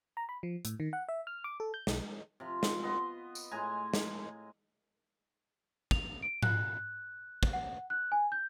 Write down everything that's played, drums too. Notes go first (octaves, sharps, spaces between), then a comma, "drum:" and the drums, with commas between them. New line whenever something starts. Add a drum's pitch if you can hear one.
A#5
B5
F3
A2, drum: hi-hat
D#3
F#5
E5
F6
D6
A4
G6
B1, drum: snare
C3 F3
drum: snare
B3 D#5 C6
drum: tambourine
A2 G#3 G#5 A#5
drum: snare
F7, drum: kick
D7
F#6, drum: tom G#2
drum: kick
F#5
F#6
G#5
G6